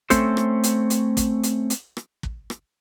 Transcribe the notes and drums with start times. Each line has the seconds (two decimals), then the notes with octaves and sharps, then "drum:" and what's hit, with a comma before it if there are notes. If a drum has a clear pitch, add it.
0.10 A3 C4 C#4 A4 C5, drum: kick, hi-hat
0.37 drum: rim click
0.63 drum: hi-hat
0.90 drum: hi-hat
1.17 drum: kick, hi-hat
1.43 drum: hi-hat
1.70 drum: hi-hat
1.97 drum: rim click
2.23 drum: kick
2.50 drum: rim click